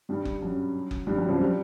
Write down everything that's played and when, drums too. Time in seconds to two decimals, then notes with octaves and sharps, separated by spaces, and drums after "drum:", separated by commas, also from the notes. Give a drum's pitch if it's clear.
0.09 G2 G3
0.25 drum: kick F#1
0.42 F#2 F#3
0.91 drum: kick F#1
1.07 G2 G3
1.18 F#2 F#3
1.29 F2 F3
1.39 G3